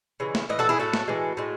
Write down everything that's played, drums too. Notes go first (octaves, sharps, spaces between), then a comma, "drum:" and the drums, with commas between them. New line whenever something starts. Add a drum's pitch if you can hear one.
C#3 E3 G#3
drum: snare
A2 E3 D#5
F#4 A4
E4 G#4
A2 F#3 A3 F#4 A4
drum: snare
A2 E3 G#3
A2 G#3